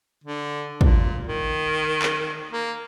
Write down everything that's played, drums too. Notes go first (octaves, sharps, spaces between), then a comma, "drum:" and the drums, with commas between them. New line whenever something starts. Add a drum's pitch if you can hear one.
D3
A#2, drum: kick
D#3
drum: clap
A#3